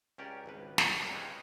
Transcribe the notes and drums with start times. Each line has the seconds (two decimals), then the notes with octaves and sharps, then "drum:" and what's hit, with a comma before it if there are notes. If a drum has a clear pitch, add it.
0.18 C#2 C#4 G4 A#4 D5
0.46 G#1 C#2 B4
0.78 drum: snare
1.01 A#3 C4 D4 A4
1.13 G#3 D#4 F4 G4 B4 C#5